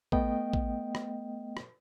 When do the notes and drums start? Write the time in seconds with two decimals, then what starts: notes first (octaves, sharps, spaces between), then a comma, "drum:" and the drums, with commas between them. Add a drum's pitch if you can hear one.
0.12 A3 B3 D#5 G5, drum: kick
0.53 drum: kick
0.95 drum: rim click
1.57 drum: rim click